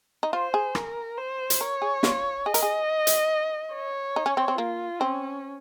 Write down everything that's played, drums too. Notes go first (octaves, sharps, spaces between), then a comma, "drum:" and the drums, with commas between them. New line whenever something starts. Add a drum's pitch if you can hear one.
D#4
F4 C5
G#4
A#4, drum: rim click
C5
drum: hi-hat
A#4 C#5
G#4
F4, drum: snare
G#4 D#5
A#4, drum: hi-hat
G#4
drum: hi-hat
C#5
D#4
C#4
C4
C4
A#3 F4
C4 C#4